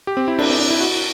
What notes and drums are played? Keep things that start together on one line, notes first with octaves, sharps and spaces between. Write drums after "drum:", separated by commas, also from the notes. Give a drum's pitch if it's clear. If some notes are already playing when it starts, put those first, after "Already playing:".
G4
C4
E4
D4, drum: cymbal
C4
D4
E4
F#4